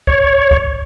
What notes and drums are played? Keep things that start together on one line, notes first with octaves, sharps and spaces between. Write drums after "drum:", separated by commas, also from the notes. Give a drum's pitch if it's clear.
C#5, drum: kick
drum: kick